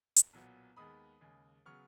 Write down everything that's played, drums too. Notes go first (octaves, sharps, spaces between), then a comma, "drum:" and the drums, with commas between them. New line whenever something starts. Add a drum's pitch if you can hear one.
drum: hi-hat
B1 A#2 F#3 B3
D#2 D#3 G#3 B3 B5 D#6
D#2 C#3 G#3
C#3 F#3 B3 C#6 F6